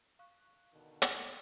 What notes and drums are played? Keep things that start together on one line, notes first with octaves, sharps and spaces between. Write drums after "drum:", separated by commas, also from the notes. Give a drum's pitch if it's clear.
F5 C#6 F#6
B2 D3 D#3
drum: hi-hat